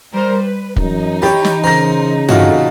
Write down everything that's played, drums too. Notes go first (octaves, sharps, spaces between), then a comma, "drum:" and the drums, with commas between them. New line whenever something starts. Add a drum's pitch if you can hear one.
G3 A#4 C5
B4
F#2 E3 D#4, drum: kick
G4 C#5 A5 B5
drum: snare
C#3 A#4 C5 A#5 A#6
A1 C3 A3 D#4 F4 F#4 C#5, drum: tom G2